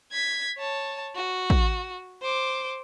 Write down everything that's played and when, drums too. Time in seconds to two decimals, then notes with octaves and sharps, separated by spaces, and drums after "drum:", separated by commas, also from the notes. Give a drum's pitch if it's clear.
0.12 G#6 B6
0.58 C#5 A5
1.15 F#4
1.50 drum: kick
2.22 C5 D6